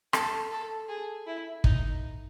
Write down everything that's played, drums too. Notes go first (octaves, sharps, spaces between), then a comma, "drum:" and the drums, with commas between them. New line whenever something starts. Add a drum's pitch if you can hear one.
A4, drum: rim click
A4
G#4
E4
D#4, drum: kick